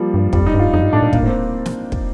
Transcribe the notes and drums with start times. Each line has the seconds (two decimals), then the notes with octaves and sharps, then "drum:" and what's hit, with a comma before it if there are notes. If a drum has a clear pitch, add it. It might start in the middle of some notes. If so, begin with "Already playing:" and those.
Already playing: F3 G3 A#3
0.14 G2
0.33 F2 G3, drum: kick
0.46 D#4
0.54 G2
0.59 F4
0.73 F2 D#4
0.82 G2
0.93 A2 D4
1.02 A#2
1.13 A#2 A#3, drum: kick
1.23 A2
1.26 C4
1.66 drum: snare
1.92 drum: kick